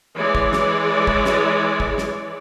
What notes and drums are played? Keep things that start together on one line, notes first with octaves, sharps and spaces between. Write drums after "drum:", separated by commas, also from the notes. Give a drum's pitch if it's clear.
E3 G#3 C#5 D5
drum: kick
drum: snare
drum: kick
drum: snare
drum: kick
drum: snare